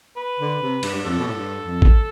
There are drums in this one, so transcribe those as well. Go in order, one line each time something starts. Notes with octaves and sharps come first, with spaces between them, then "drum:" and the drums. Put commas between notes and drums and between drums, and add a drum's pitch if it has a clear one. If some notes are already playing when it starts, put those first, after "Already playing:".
B4
D3
C3
G2, drum: cymbal
G2
F2 A4
B2
A2
G2
F2
drum: kick A1